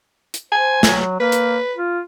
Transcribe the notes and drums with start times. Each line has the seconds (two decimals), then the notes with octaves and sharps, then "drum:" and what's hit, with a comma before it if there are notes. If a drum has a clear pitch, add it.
0.34 drum: hi-hat
0.52 C5 G#5
0.83 F#3, drum: snare
1.20 A#3 B4
1.32 drum: hi-hat
1.75 F4